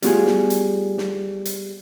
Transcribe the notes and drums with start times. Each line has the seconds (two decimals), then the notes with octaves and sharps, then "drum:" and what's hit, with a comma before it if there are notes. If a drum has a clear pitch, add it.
0.02 G3 A3 B3 F4 F#4 G#4, drum: hi-hat
0.26 drum: snare
0.50 drum: hi-hat
0.98 drum: snare
1.45 drum: hi-hat